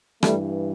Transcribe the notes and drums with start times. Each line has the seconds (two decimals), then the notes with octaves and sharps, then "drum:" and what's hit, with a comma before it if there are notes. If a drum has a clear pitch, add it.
0.23 G2 E3 G3 A3, drum: rim click